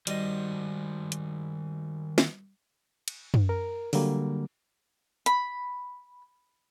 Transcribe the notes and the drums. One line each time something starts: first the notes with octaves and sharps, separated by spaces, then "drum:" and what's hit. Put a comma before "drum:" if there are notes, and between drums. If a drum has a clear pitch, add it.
D#3 G3 F#4 C5 D#5, drum: hi-hat
drum: hi-hat
drum: snare
drum: cymbal
drum: tom F#2
A#4
D3 F#3 G3 A#3, drum: open hi-hat
B5, drum: hi-hat